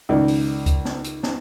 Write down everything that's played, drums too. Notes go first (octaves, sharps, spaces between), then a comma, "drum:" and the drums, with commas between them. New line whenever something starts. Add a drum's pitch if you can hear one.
C#2 D#3 D5
drum: open hi-hat
drum: kick C#2, hi-hat
drum: snare
drum: hi-hat
drum: snare